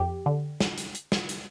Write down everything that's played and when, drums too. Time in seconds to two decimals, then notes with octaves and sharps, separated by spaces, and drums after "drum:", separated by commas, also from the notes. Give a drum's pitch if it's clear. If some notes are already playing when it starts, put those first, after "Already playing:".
Already playing: F2 G4
0.26 D3
0.60 drum: snare
0.78 drum: hi-hat
0.95 drum: hi-hat
1.12 drum: snare
1.29 drum: hi-hat